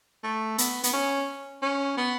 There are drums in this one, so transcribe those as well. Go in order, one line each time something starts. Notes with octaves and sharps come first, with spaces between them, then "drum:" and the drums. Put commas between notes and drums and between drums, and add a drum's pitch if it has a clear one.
A3
B3, drum: hi-hat
B3, drum: hi-hat
C#4
C#4
B3